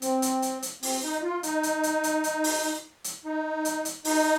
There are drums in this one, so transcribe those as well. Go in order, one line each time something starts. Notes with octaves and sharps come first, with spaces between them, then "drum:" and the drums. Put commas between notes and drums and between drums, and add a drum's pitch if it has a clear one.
C4, drum: hi-hat
drum: hi-hat
drum: hi-hat
drum: hi-hat
C4, drum: open hi-hat
D#4
F4
D#4, drum: hi-hat
drum: hi-hat
drum: hi-hat
drum: hi-hat
drum: hi-hat
drum: open hi-hat
drum: hi-hat
D#4
drum: hi-hat
drum: hi-hat
D#4, drum: open hi-hat